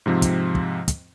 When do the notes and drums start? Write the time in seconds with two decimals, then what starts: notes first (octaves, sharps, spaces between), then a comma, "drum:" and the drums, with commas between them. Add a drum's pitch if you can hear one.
0.06 G#2 C3 F3 C4
0.22 drum: kick, hi-hat
0.55 drum: kick
0.88 drum: kick, hi-hat